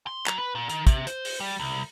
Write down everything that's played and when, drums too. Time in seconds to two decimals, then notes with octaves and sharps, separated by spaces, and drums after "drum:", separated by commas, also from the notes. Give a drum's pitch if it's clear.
0.07 C6
0.26 F#3, drum: clap
0.38 B4
0.55 A#2
0.69 D#3, drum: hi-hat
0.87 C3, drum: kick, hi-hat
1.07 C5, drum: hi-hat
1.25 drum: open hi-hat
1.40 G3
1.59 C2